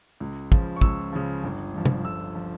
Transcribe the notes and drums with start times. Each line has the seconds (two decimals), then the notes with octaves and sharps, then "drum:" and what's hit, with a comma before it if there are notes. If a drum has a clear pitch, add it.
0.20 C#2
0.52 C#3 F3, drum: kick
0.76 C#6
0.81 C#2 E6, drum: kick
1.12 C#3 F3
1.44 G1
1.74 G2 F3
1.86 drum: tom C3
2.05 G1 E6
2.35 F3